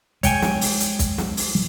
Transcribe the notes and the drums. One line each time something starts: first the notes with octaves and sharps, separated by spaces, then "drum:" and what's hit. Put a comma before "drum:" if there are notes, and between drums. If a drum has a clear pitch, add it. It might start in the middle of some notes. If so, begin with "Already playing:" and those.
G#3 C#5 G5 G#5, drum: kick, hi-hat
drum: snare
drum: open hi-hat
drum: hi-hat
drum: kick, hi-hat
drum: snare
drum: open hi-hat